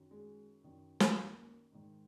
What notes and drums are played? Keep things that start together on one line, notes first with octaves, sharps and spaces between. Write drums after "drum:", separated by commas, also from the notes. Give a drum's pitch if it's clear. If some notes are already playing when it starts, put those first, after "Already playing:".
Already playing: F#2 D#3
G#3
F#2 D#3
drum: snare
A#3
G#2 D#3